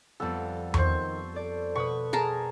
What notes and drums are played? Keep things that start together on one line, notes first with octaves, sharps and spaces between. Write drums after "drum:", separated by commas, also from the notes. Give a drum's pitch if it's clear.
F2 G3 B3 A4 A5
D#3 C5 C#6, drum: tom E2
A4 D5
B2 B4 C#6 D#6
G#4 A#4 A5 A#5